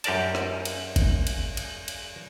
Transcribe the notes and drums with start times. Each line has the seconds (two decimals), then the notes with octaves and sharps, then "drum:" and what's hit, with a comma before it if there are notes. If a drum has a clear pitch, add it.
0.04 F#2 G4 A#4 D5 A5, drum: cymbal
0.35 drum: rim click
0.65 drum: cymbal
0.96 drum: kick G1, cymbal
1.27 drum: cymbal
1.57 drum: cymbal
1.88 drum: cymbal